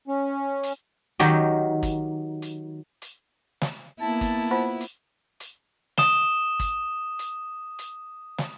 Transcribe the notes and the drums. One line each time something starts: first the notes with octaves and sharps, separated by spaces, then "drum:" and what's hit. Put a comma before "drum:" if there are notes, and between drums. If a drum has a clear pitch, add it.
C#4
drum: hi-hat
D#3 F#3 G4
drum: kick, hi-hat
drum: hi-hat
drum: hi-hat
drum: snare
A#3 B3 E4 A5
drum: kick, hi-hat
F4 C5 F#5
drum: hi-hat
drum: hi-hat
D#6 E7 G7, drum: snare
drum: kick, hi-hat
drum: hi-hat
drum: hi-hat
drum: snare